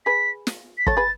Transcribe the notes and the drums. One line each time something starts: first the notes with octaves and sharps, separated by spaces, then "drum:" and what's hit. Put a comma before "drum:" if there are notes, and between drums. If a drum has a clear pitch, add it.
G#4 B4 B6
drum: snare
B6
A4 C#5 A6, drum: kick
G#4 B4